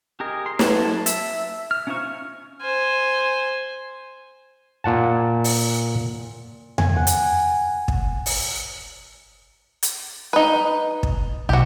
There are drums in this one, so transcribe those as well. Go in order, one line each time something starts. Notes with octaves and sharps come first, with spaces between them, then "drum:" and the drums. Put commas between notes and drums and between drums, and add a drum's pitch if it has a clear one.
G4 G#4 A#4 D#5
C6
F#3 A4 A5 C6, drum: snare
E5, drum: hi-hat
F6
C#4 D#4 F4 C5 C#6
C5 G#5
A#2 F#5 A5
drum: open hi-hat
G#5, drum: tom E2
F#5
drum: hi-hat
drum: kick
drum: open hi-hat
drum: hi-hat
D#4 B4
drum: kick
B1 F#4 G4